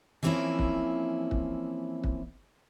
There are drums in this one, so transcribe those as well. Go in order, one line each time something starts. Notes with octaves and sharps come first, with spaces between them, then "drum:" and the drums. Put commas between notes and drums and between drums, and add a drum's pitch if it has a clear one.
E3 F3 A#3 C4 C#4 E4
drum: kick
drum: kick
drum: kick